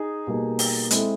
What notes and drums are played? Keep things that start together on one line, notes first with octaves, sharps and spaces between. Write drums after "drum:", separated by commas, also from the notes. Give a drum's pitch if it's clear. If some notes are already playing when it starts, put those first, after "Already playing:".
Already playing: D#4 G#4
B2 G3 A#3 D#4 G#4
drum: open hi-hat
G#3 C4 E4 A4, drum: hi-hat